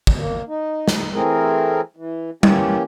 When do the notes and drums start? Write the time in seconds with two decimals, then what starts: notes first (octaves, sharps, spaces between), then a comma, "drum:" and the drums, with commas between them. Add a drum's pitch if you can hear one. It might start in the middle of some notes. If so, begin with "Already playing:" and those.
0.07 drum: kick
0.18 A#3
0.48 D#4
0.88 drum: snare
1.14 E3 A3 C4 G#4 A#4
1.96 E3
2.43 E3 A#3 C#4 G4, drum: tom G3